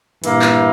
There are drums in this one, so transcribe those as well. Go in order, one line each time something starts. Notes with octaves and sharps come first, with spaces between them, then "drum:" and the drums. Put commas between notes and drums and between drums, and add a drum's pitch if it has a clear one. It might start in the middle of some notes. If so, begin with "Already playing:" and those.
G2 A#2 E3 A#3 E4, drum: hi-hat
drum: clap